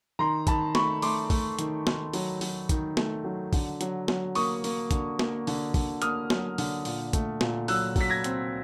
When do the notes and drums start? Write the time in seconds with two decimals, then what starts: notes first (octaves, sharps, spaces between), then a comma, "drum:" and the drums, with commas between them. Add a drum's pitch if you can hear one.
0.19 D#3 A#5 C6
0.47 D#3 A5 B5, drum: kick, hi-hat
0.75 A3 B5 C#6, drum: snare
1.02 A3 C6 D6, drum: open hi-hat
1.30 A3, drum: kick, open hi-hat
1.59 D#3, drum: hi-hat
1.87 D#3, drum: snare
2.13 F#3, drum: open hi-hat
2.41 F#3, drum: open hi-hat
2.69 D#3, drum: kick, hi-hat
2.97 A3, drum: snare
3.24 F#3
3.53 D3, drum: kick, open hi-hat
3.81 F#3, drum: hi-hat
4.08 F#3, drum: snare
4.35 A#3 C#6 D#6, drum: open hi-hat
4.64 A#3, drum: open hi-hat
4.91 D3, drum: kick, hi-hat
5.19 A#3, drum: snare
5.47 D3, drum: open hi-hat
5.74 D3, drum: kick, open hi-hat
6.02 A#3 D#6 F6, drum: hi-hat
6.30 F#3, drum: snare
6.58 D3, drum: open hi-hat
6.85 A#2, drum: open hi-hat
7.13 A3, drum: kick, hi-hat
7.41 A#2, drum: snare
7.68 F#3 E6 F#6, drum: open hi-hat
7.96 F#3 B6, drum: kick, open hi-hat
8.10 G#6 A#6
8.24 C4, drum: hi-hat